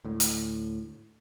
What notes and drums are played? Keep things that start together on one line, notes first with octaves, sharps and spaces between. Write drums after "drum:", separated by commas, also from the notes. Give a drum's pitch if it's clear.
D2 A2
drum: hi-hat